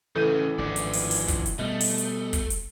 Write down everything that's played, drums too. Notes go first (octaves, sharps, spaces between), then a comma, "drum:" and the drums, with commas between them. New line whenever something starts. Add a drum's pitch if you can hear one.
A1 C#3 E3 A4 D#7
G#1 D3 F3 D5
drum: hi-hat
drum: open hi-hat
drum: open hi-hat
drum: kick, hi-hat
drum: hi-hat
B2 G3 A3 D#5
drum: open hi-hat
drum: hi-hat
drum: kick, hi-hat
drum: hi-hat